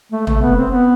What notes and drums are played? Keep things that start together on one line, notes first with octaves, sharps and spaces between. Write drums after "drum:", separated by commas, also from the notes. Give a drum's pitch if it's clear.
A3
A3, drum: tom
B3
C4
B3